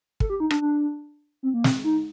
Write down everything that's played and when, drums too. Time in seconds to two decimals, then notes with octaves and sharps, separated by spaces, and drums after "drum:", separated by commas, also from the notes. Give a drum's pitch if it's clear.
0.20 A4, drum: kick
0.30 G4
0.40 D#4
0.50 D4, drum: rim click
0.61 D4
1.43 C4
1.54 A#3
1.64 C4, drum: snare
1.84 D#4